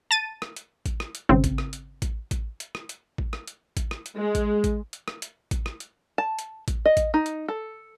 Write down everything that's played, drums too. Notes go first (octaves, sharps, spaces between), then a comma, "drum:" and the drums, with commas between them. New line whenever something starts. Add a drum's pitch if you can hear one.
A5 A6 D#7
drum: rim click
drum: hi-hat
drum: kick A1, hi-hat
drum: rim click
drum: hi-hat
G#1 C#3 C4
drum: kick A1, hi-hat
drum: rim click
drum: hi-hat
drum: kick A1, hi-hat
drum: kick A1, hi-hat
drum: hi-hat
drum: rim click
drum: hi-hat
drum: kick A1
drum: rim click
drum: hi-hat
drum: kick A1, hi-hat
drum: rim click
drum: hi-hat
G#3
drum: kick A1, hi-hat
drum: kick A1, hi-hat
drum: hi-hat
drum: rim click
drum: hi-hat
drum: kick A1, hi-hat
drum: rim click
drum: hi-hat
A5
drum: hi-hat
drum: kick A1, hi-hat
D#5
drum: kick A1, hi-hat
D#4
drum: hi-hat
A4